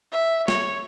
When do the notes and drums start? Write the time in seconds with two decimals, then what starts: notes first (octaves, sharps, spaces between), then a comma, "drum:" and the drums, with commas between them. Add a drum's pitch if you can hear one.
0.12 E5
0.48 C#5, drum: snare